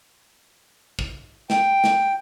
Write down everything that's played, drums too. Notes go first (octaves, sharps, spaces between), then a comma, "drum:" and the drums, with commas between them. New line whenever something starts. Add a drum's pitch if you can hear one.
drum: kick
G5, drum: snare
drum: snare